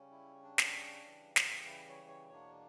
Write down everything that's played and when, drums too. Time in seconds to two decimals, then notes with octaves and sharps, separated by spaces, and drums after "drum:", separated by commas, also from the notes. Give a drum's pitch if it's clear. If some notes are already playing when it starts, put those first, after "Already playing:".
Already playing: C#3 G3 C#4
0.11 E4
0.43 D4
0.58 drum: snare
1.04 C#3 E3 G3
1.36 drum: snare
1.67 E4
1.89 C#5
2.08 C#5
2.29 E2 B2 A#3 D4 C#5